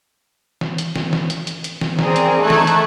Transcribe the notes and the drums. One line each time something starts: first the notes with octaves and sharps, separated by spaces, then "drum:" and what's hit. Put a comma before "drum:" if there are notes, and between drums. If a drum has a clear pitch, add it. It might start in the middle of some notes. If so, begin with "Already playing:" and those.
drum: snare
drum: hi-hat
drum: snare
drum: snare
drum: hi-hat
drum: hi-hat
drum: hi-hat
drum: snare
C4 G#4 A#4 D5, drum: snare
drum: hi-hat
A3 D#4 A4 C#6 F#6 G#6
drum: snare
drum: hi-hat